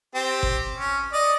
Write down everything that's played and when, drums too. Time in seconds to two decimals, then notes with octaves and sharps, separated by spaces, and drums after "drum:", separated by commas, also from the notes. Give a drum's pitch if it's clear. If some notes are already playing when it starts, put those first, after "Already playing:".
0.15 C4 G4
0.43 drum: kick G1
0.76 C#4
1.13 D5 D#5